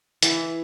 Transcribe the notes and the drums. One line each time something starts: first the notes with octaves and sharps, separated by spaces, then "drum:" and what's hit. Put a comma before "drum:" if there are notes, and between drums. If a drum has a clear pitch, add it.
E3, drum: hi-hat